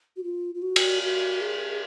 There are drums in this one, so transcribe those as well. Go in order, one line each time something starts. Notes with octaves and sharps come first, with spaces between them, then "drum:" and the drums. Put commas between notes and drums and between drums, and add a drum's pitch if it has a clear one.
F#4
F4
F4
F#4
drum: cymbal
F#4
G#4
G#4